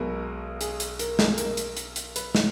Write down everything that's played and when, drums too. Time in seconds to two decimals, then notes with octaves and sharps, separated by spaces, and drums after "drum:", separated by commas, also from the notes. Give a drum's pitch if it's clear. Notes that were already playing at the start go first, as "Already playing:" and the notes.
Already playing: B1 B2 G#3 A#4
0.61 G#4, drum: hi-hat
0.80 drum: hi-hat
0.99 A#4, drum: hi-hat
1.19 G#4, drum: snare
1.38 A#4, drum: hi-hat
1.57 drum: hi-hat
1.77 drum: hi-hat
1.96 drum: hi-hat
2.16 B4, drum: hi-hat
2.35 drum: snare